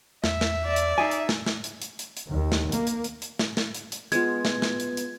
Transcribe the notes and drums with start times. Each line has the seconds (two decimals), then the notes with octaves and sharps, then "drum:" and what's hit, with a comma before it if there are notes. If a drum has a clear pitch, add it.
0.24 E2 E5, drum: snare
0.41 drum: snare
0.66 D5
0.76 drum: hi-hat
0.98 D#4 G#4 E5 G#5
1.11 drum: hi-hat
1.29 drum: snare
1.46 drum: snare
1.64 drum: hi-hat
1.82 drum: hi-hat
1.99 drum: hi-hat
2.17 drum: hi-hat
2.28 D#2
2.52 drum: snare
2.72 A#3, drum: hi-hat
2.87 drum: hi-hat
3.04 drum: hi-hat
3.22 drum: hi-hat
3.39 drum: snare
3.57 drum: snare
3.75 drum: hi-hat
3.92 drum: hi-hat
4.12 G#3 B3 F4 G#6, drum: hi-hat
4.45 drum: snare
4.62 drum: snare
4.80 drum: hi-hat
4.97 drum: hi-hat